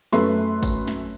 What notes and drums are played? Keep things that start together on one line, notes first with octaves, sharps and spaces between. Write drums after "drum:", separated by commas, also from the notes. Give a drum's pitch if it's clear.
F#2 A3 B4 C6, drum: snare
drum: kick G#1, tambourine
drum: snare